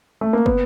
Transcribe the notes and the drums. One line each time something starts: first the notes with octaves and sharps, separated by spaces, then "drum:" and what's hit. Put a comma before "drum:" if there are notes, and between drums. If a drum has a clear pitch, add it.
A3
A#3
B3, drum: kick